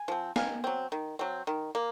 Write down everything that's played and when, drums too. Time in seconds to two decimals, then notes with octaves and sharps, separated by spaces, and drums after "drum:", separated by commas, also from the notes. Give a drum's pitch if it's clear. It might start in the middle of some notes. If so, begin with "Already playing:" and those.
Already playing: G#5
0.08 F3 C4
0.36 D#3 F5 G#5, drum: snare B3
0.64 F#3 C4
0.92 D#3
1.19 F#3 C4
1.47 D#3
1.75 A#3